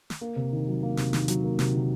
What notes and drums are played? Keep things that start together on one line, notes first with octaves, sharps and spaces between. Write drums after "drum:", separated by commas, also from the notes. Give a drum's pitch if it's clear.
drum: snare
A#3
C3
D#3
F#3
A#3
C3, drum: snare
D#3, drum: snare
F#3, drum: hi-hat
A#3
C3, drum: snare
D#3